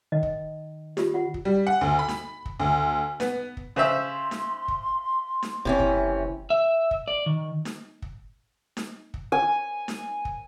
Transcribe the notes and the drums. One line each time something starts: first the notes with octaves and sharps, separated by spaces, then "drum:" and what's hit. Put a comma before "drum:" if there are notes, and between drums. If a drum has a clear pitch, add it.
D#3 D#5
drum: kick
F4 G4, drum: snare D#4
F4 F#5
drum: kick
G3
F#5
D2
B5
drum: snare D#4
drum: kick
D2
B3, drum: snare D#4
drum: kick
C#3 C5 E5 C6
drum: snare D#4
drum: kick
drum: snare D#4
F#1 C3 E3 C#4
drum: kick
E5
drum: kick
D5
D#3
drum: snare D#4
drum: kick
drum: snare D#4
drum: kick
G#5
drum: snare D#4
drum: kick